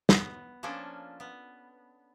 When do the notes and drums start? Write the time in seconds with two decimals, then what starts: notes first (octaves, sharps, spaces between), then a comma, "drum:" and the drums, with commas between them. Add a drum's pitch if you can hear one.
0.09 B3, drum: snare
0.63 F3 A#3 C#4 D4 A4
1.20 B3